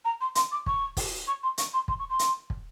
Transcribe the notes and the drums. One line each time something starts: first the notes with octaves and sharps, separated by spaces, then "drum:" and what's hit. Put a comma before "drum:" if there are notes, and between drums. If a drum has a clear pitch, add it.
A#5
C6
C6, drum: hi-hat
D6
C#6, drum: kick
drum: kick, open hi-hat
C#6
C6
C#6, drum: hi-hat
C6
C6, drum: kick
C#6
C6
drum: hi-hat
drum: kick